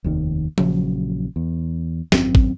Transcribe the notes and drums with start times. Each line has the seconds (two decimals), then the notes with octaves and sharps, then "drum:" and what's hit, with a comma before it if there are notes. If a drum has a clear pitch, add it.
0.04 F1 D#2 D#3
0.58 A#1 C#3 F#3, drum: tom F3
1.36 E2
2.12 G#1 F#2 C4, drum: snare
2.35 drum: kick